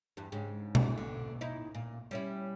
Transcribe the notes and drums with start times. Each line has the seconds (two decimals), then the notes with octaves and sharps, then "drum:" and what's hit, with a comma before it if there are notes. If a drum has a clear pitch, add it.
0.17 E2 G2
0.32 G#2 C#3
0.75 drum: tom B2
0.98 D3
1.41 D#4 E4
1.75 A#2
2.11 G3 C#4 E4